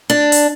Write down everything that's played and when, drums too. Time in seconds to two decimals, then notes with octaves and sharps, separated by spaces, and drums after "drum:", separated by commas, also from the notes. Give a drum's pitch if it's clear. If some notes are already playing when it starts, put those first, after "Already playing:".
0.10 D4
0.32 drum: open hi-hat